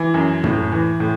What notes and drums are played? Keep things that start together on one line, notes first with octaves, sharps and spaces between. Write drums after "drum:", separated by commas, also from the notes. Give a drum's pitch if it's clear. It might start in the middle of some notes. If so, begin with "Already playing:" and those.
Already playing: E3
F#2
A2, drum: tom
E3
A2